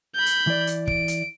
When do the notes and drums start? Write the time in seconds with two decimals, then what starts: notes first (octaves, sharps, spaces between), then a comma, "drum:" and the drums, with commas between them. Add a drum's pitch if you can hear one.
0.15 B5 G6
0.26 drum: hi-hat
0.47 E3 D5
0.67 drum: hi-hat
0.87 D7, drum: kick
1.08 drum: hi-hat